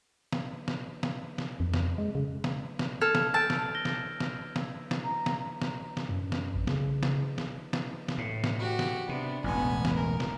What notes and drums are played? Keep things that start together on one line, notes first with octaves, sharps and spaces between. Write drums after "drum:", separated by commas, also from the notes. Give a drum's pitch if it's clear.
drum: snare
drum: snare
drum: snare
drum: snare
F2
drum: snare
G#3
C#3
drum: snare
drum: snare
A4 F6 G#6 F7
drum: snare
A5 E6 G6 D7
drum: snare
G#6 A#6 G7
drum: snare
drum: snare
drum: snare
drum: snare
A#5
drum: snare
drum: snare
drum: snare
F#2
drum: snare
A1
C#3, drum: snare
drum: snare
drum: snare
drum: snare
drum: snare
A2
drum: snare
F#4 G4
drum: snare
C3 B3 D4
E1 A1 B3 G#5
drum: snare
A#4
drum: snare